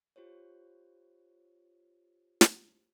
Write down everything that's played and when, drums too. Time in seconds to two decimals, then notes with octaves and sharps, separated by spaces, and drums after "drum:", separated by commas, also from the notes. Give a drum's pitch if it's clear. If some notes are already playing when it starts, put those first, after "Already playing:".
0.16 F4 G4 C5 C#5
2.41 drum: snare